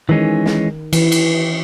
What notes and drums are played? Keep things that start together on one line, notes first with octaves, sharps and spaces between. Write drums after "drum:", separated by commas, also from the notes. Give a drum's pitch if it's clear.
D#3 E3 G#3 C#4
drum: snare
E3, drum: cymbal
drum: cymbal